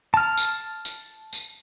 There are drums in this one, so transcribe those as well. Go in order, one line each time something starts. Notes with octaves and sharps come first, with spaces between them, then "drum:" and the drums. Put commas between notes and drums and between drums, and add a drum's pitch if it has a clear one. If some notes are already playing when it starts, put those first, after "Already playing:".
A5 F6
drum: tambourine
drum: tambourine
drum: tambourine